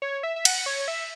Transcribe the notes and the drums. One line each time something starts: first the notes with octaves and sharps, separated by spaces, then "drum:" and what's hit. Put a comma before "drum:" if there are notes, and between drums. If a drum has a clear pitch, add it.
C#5
E5
E5
F#5, drum: cymbal
C#5
E5